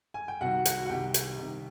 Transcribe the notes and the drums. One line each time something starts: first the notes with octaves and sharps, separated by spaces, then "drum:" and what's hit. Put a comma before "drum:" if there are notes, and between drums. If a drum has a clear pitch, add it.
G#5
G5
C2 C3 D#3 F#4 F#5
F#4 F#5, drum: hi-hat
F#5
C2 C3 D#3 G4 G5
drum: hi-hat
C2 C3 D#3